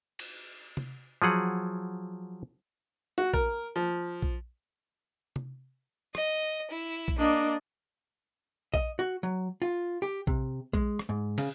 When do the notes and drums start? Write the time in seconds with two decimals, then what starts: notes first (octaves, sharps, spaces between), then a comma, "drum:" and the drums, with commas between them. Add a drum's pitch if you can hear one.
0.19 drum: cymbal
0.77 drum: tom C3
1.22 F3 F#3 G#4 F#5
3.18 F#4
3.33 A#4, drum: kick A#1
3.76 F3
4.22 drum: kick A#1
5.36 drum: tom C3
6.15 D#5, drum: rim click
6.71 E4
7.08 drum: kick A#1
7.19 A#3 D4 D#5
8.74 D#5, drum: kick A#1
8.99 F#4
9.23 F#3
9.62 F4
10.02 G4
10.27 C3, drum: kick A#1
10.73 G#3, drum: kick A#1
10.99 drum: rim click
11.09 G#2
11.38 C#3, drum: cymbal